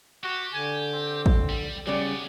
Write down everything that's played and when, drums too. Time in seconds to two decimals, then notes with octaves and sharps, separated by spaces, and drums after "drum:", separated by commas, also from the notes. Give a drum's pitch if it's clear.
0.24 F#4 G4
0.54 D3 G#5
0.93 C4
1.26 drum: kick A1
1.49 G3
1.87 C#3 F#3 G3 B3 D5